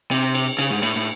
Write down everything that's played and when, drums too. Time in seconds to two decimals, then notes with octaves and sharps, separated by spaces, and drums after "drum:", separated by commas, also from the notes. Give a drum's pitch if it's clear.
0.11 C3, drum: cymbal
0.35 drum: cymbal
0.59 C#3, drum: cymbal
0.71 G#2
0.83 A2, drum: cymbal
0.96 A2